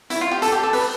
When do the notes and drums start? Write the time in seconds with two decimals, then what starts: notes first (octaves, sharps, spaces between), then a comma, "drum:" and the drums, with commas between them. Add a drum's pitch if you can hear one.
0.10 E4, drum: hi-hat
0.21 F4
0.31 G4
0.42 A4, drum: hi-hat
0.52 G4
0.63 A4
0.73 B4, drum: open hi-hat